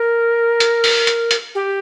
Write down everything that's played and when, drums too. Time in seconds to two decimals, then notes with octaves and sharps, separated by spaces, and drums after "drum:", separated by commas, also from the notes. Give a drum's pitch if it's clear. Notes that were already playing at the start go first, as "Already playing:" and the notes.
Already playing: A#4
0.60 drum: hi-hat
0.84 drum: open hi-hat
1.07 drum: hi-hat
1.31 drum: hi-hat
1.55 G4